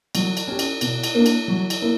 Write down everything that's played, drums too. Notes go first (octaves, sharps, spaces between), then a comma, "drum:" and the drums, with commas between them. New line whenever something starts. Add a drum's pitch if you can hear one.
F#3, drum: cymbal
drum: cymbal
C#4 G4
drum: cymbal
B2, drum: cymbal
drum: cymbal
A#3 D4
drum: cymbal
F#3
drum: cymbal
A#3 E4